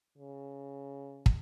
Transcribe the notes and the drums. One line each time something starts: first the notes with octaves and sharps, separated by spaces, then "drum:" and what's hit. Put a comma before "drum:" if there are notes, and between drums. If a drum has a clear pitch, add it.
C#3
drum: kick